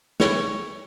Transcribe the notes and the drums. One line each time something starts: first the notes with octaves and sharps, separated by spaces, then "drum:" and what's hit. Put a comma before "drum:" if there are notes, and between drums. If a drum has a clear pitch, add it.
C#5, drum: snare